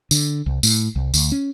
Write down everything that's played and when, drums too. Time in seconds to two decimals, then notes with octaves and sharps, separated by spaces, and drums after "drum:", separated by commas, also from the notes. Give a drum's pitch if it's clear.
0.11 D3, drum: tambourine
0.46 C2
0.63 A2, drum: tambourine
0.96 C2
1.14 D2, drum: tambourine
1.32 C#4